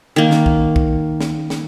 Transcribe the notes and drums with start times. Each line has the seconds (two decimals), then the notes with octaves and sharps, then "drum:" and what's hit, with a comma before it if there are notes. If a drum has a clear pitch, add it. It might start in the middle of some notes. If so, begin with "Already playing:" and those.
0.16 D#3 A#3
0.31 drum: snare
0.46 drum: kick
0.76 drum: kick
1.21 drum: snare
1.50 drum: snare